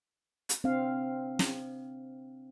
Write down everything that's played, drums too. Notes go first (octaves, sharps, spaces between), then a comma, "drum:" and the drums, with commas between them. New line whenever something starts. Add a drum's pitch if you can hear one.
drum: hi-hat
C4 D4 F5
drum: snare